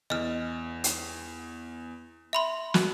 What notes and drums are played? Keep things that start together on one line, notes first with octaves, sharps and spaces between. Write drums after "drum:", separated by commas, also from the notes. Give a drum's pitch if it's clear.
E2 D#5 F6
drum: hi-hat
E5 B5 C6
F#4, drum: snare